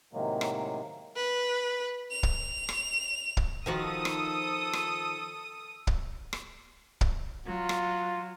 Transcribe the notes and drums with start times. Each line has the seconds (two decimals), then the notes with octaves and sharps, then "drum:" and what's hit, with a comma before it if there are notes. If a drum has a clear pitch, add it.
0.13 A2 C3 D#3 F#3 G#3 A#3
0.41 drum: rim click
1.16 B4
2.12 F7
2.23 drum: kick
2.69 drum: rim click
3.37 drum: kick
3.66 D#3 F3 F#4 A4 D#6
4.05 drum: rim click
4.73 drum: rim click
5.87 drum: kick
6.33 drum: rim click
7.01 drum: kick
7.46 F#3 F4
7.69 drum: rim click